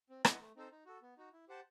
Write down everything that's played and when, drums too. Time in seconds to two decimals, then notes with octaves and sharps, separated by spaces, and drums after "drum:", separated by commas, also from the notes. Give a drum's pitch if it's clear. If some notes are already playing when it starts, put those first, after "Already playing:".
0.10 C4
0.25 E4 B4 D#5 F#5, drum: rim click
0.40 A3
0.56 C4 D#4 A4 C5
0.71 D#4
0.86 F#4 A4
1.02 B3
1.17 D#4 F#4
1.33 E4
1.48 G4 C5 F#5 A5